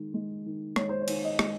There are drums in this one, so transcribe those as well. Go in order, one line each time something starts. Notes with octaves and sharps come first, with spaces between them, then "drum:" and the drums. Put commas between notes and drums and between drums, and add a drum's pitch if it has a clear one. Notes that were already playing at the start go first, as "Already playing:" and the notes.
Already playing: D#3 G#3
G#3
D#3
G#3 C#5, drum: rim click
C5
C#5
D#3, drum: cymbal
D#5
G#3, drum: rim click